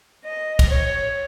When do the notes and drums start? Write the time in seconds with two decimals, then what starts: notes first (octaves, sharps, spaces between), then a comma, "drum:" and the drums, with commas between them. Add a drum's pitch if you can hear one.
0.24 D#5
0.59 drum: kick, cymbal
0.70 C#5